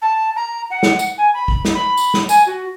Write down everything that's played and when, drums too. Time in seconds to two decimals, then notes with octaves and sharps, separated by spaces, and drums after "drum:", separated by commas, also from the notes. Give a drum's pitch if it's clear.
0.02 A5
0.36 A#5
0.70 F#5
0.83 drum: snare
0.99 drum: tambourine
1.18 G#5
1.34 B5
1.48 drum: kick A1
1.65 drum: snare
1.75 B5
1.97 drum: tambourine
2.14 drum: snare
2.29 G#5, drum: tambourine
2.47 F#4